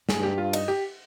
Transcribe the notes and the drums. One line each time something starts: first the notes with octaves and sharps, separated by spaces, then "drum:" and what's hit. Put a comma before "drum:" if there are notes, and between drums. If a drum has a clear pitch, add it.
G2 G#4, drum: snare
G4
F4
D#4, drum: cymbal
G4